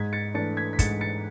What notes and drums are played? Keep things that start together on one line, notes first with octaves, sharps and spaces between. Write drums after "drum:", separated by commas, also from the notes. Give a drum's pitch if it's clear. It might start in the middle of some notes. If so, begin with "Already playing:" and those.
Already playing: G#2 G#6 B6
A6 C#7
E3 A3 D4 A6 C#7
G#6 B6
B6
G#2 A6 C#7, drum: kick, hi-hat
A6 C#7